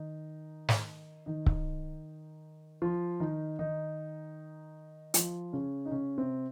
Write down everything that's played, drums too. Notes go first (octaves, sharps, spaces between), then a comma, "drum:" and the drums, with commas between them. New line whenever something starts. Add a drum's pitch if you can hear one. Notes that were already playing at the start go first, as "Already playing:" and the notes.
Already playing: D#3 D#4
drum: snare
D#3 D#4
drum: kick C#1
F3 F4
D#3 D#4
D#3 D#4
F3 F4, drum: hi-hat
C#3 C#4
D#4
C#3 C#4
C3 C4